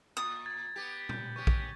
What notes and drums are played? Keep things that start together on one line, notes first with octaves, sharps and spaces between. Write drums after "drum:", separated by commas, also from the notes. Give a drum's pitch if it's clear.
A#2 D#6 A6
G#6 A6
B3 G4
G6, drum: tom
B3 C#4 G4 C#6
drum: kick A#1